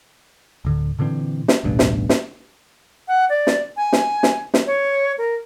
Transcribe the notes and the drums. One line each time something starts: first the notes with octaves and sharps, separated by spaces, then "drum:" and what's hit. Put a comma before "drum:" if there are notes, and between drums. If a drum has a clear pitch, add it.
D1 D3
A#2 D3 E3 C4
drum: snare
D1 A1 G2 B2
drum: snare
drum: snare
F#5
D5
drum: snare
G#5
drum: snare
drum: snare
drum: snare
C#5
A#4